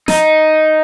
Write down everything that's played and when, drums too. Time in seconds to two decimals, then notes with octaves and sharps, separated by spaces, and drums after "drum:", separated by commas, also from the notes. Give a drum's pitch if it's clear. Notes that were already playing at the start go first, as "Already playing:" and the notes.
0.08 D#4, drum: snare